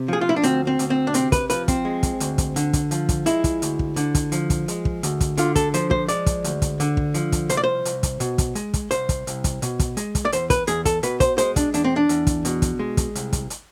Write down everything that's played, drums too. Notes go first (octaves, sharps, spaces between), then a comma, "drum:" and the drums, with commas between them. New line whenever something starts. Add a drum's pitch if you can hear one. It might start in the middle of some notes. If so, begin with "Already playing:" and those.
Already playing: C3
F3 G#4
F4
E4
D4
D2 C4, drum: hi-hat
C4
D2, drum: hi-hat
C4
D4
C3 C4, drum: hi-hat
B4, drum: kick, hi-hat
F3 B4, drum: hi-hat
C4, drum: kick, hi-hat
G#3
drum: kick, hi-hat
D2, drum: hi-hat
drum: kick, hi-hat
D3, drum: hi-hat
drum: kick, hi-hat
F3, drum: hi-hat
drum: kick, hi-hat
G#3 E4, drum: hi-hat
drum: kick, hi-hat
D2, drum: hi-hat
drum: kick
D3, drum: hi-hat
drum: kick, hi-hat
F3, drum: hi-hat
drum: kick, hi-hat
G#3, drum: hi-hat
drum: kick
D2, drum: hi-hat
drum: kick, hi-hat
D3 F4, drum: hi-hat
A4, drum: kick, hi-hat
F3 C5, drum: hi-hat
C5, drum: kick
G#3 D5, drum: hi-hat
drum: kick, hi-hat
D2, drum: hi-hat
drum: kick, hi-hat
D3, drum: hi-hat
drum: kick
F3, drum: hi-hat
drum: kick, hi-hat
C2 C5, drum: hi-hat
D5
C5
C2, drum: hi-hat
drum: kick, hi-hat
B2, drum: hi-hat
drum: kick, hi-hat
G#3, drum: hi-hat
drum: kick, hi-hat
C2 C5, drum: hi-hat
drum: kick, hi-hat
C2, drum: hi-hat
drum: kick, hi-hat
B2, drum: hi-hat
drum: kick, hi-hat
G#3, drum: hi-hat
drum: kick, hi-hat
D5
E2 C5, drum: hi-hat
B4, drum: kick, hi-hat
E2 G#4, drum: hi-hat
A4, drum: kick, hi-hat
B2 B4, drum: hi-hat
C5, drum: kick, hi-hat
G#3 C5, drum: hi-hat
D4, drum: kick, hi-hat
E2 D4, drum: hi-hat
C4
D4
E2, drum: hi-hat
drum: kick, hi-hat
B2, drum: hi-hat
drum: kick, hi-hat
G#3
drum: kick, hi-hat
C2, drum: hi-hat
drum: kick, hi-hat
drum: hi-hat